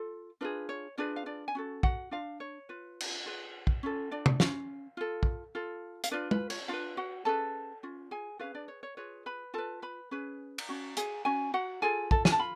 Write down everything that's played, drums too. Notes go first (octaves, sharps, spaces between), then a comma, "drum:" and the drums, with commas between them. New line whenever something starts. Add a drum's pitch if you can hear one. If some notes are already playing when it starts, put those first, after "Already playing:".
Already playing: F4 A4
D4 F4 G#4 B4
C#5
D4 F4 G#4 B4 D5
F5
D4 D5
G#5
C#4 F#4 A4
F#4 F#5, drum: kick
D4 F4 F5
C#5
F4 B4
drum: cymbal
F4 G#4 B4
drum: kick
C#4 F4 A4
D4 D5
drum: tom
C#4 F4 F5, drum: snare
F4 A4
drum: kick
F4 A4
F5, drum: hi-hat
D4 F4 B4 D5
B4, drum: tom
C#5, drum: cymbal
D4 F4 B4 F5
F#4 F#5
C#4 G#4 A4 B4 A5
C#4 F4
G#4 G#5
C#4 F4 G#4 B4 F5
D4 D5
C#5
C#5
F4 G#4 B4 C#5
B4 B5
F4 A4 B4 A5
B4 B5
C#4 G#4 B4
drum: cymbal
C#4 F#4
G#4 G#5, drum: hi-hat
C#4 F#4 G#5
F#4 F#5
F4 G#4 A4 G#5
A4 A5, drum: kick
G#5, drum: snare
A5
F4 B5